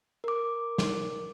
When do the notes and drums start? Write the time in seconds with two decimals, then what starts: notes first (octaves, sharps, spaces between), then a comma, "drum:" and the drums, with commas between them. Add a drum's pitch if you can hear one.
0.24 A#4 D6
0.78 drum: snare